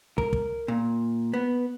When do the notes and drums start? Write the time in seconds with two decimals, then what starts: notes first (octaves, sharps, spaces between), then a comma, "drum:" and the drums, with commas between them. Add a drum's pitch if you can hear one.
0.18 A#4, drum: kick
0.33 drum: kick
0.68 A#2
1.34 B3